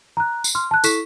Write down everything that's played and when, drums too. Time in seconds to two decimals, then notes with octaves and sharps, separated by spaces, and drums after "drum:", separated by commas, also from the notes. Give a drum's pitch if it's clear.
0.17 A#5 F#6
0.44 drum: tambourine
0.55 C6 F6
0.71 A5 F#6
0.84 E4 A4 C#6 B6 E7, drum: tambourine